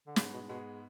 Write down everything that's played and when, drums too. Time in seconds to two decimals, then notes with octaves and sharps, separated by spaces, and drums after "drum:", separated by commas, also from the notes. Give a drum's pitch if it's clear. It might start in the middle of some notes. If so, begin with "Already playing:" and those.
0.07 D3
0.16 G#2 C#3 G#3 B3, drum: snare
0.33 B2
0.48 G#2 B2 G#3 B3